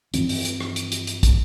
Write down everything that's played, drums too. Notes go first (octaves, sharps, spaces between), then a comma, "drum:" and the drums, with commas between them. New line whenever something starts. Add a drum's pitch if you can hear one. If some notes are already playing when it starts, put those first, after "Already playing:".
G2 E3 F3 C4, drum: hi-hat
drum: open hi-hat
drum: hi-hat
drum: rim click
drum: hi-hat
drum: hi-hat
drum: hi-hat
drum: kick, hi-hat